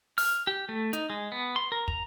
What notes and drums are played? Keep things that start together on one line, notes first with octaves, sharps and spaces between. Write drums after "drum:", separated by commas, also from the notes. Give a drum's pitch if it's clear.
F6, drum: open hi-hat
G4
A3
D#4, drum: hi-hat
G#3
B3
C6
A#4
A#5, drum: kick